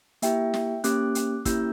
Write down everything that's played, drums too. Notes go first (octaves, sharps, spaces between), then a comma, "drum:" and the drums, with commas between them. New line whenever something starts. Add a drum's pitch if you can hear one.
A#3 E4 G4 E5 G5, drum: hi-hat
drum: snare
A#3 C#4 G4 D6 F#6, drum: hi-hat
drum: hi-hat
A#3 C#4 E4 G4 E6 G6, drum: kick, hi-hat